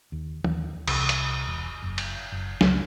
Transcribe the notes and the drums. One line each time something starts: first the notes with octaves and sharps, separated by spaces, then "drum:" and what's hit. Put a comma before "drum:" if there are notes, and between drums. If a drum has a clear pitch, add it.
D#2
D#2, drum: tom E3
C2, drum: cymbal
drum: hi-hat
E1
F#1
drum: cymbal
F#1
C#2, drum: snare F#3